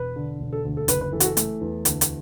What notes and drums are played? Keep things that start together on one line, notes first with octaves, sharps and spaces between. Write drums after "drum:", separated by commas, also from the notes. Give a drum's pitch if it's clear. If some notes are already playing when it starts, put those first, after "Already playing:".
Already playing: E1 B4
D3
E1
A4
D2
A4
F#1 B4, drum: hi-hat
B4
E3 A4
F#4, drum: hi-hat
A4
A3, drum: hi-hat
E2
D2, drum: hi-hat
drum: hi-hat